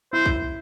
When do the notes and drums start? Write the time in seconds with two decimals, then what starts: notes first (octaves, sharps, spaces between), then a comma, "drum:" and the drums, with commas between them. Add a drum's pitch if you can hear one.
0.13 E4 C5
0.26 drum: kick